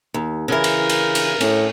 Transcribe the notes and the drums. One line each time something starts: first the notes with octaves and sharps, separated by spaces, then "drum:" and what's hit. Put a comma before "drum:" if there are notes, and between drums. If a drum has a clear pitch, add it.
D#2
C#3 E3 A#4
drum: cymbal
drum: cymbal
drum: cymbal
A2 C#4, drum: cymbal